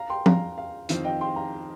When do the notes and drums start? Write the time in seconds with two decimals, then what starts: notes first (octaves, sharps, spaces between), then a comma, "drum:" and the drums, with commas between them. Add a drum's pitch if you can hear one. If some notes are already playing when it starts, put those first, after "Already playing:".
Already playing: F5 A#5
0.10 G5 C6
0.26 F5 A#5, drum: tom F3
0.58 F5
0.89 F2 D#3 C4 F4 F5, drum: hi-hat
1.05 D#5 G5
1.21 G5 C6
1.36 F5 A#5